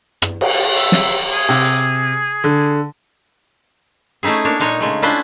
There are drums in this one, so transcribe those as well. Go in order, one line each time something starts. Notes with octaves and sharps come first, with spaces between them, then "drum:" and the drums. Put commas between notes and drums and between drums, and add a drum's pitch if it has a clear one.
drum: rim click
drum: cymbal
E5, drum: cymbal
drum: snare
G#4
C3
D3
A3 C#4 D#4 E4 G#4
A#3 D4 C#5
A#2 G#3 D#4 C#5
C#3 G#3 A3
C#4 D4 E4 F4 B4 C5